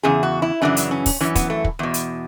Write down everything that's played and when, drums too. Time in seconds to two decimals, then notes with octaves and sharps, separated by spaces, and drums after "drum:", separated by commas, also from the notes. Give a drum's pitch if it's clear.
0.03 E2 C#3 G#4
0.23 F#4
0.42 E4
0.62 F#2 C#3 E3 D4
0.77 drum: hi-hat
0.91 C#4
1.06 drum: kick, open hi-hat
1.21 F#2 E3 C#4
1.35 B3, drum: kick, hi-hat
1.50 A3
1.64 drum: kick
1.79 E2 B2
1.94 drum: hi-hat